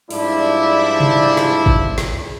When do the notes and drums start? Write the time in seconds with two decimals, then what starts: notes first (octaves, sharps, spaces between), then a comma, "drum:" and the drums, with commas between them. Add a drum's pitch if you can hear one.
0.10 G#2 F3 G3 D4 E4, drum: open hi-hat
1.00 drum: tom C3
1.37 drum: snare
1.66 drum: kick
1.98 drum: snare